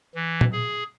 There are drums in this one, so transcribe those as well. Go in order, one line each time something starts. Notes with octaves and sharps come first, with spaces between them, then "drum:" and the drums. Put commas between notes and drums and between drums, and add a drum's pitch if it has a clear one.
E3
drum: tom
G#4